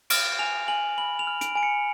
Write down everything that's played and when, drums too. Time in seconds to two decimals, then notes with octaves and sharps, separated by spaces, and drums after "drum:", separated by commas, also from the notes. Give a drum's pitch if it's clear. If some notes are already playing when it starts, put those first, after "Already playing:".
0.10 F6 D7, drum: cymbal
0.39 G#5 F7
0.68 G#5 F#7
0.98 B5 F#7
1.19 F7
1.27 F6
1.41 D7, drum: hi-hat
1.55 G#5 D7
1.63 C#7